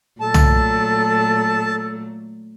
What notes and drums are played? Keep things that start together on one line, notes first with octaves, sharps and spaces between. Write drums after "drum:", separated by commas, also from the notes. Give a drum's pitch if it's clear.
A#2 F#3 A3 A4 A5
drum: tom